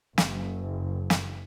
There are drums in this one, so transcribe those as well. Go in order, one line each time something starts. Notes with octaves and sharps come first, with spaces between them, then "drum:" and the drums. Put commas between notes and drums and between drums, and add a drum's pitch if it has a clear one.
F#1, drum: snare
drum: snare